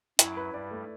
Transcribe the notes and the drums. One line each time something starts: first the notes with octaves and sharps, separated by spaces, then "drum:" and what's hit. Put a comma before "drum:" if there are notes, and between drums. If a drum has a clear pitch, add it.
F#2 F#3 E4, drum: hi-hat
B4
G2 G3 D5
A3